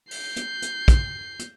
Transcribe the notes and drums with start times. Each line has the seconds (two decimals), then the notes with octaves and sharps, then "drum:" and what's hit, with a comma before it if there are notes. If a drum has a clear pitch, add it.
0.11 G6 C7, drum: open hi-hat
0.36 drum: hi-hat
0.62 drum: hi-hat
0.88 drum: kick, hi-hat
1.39 drum: hi-hat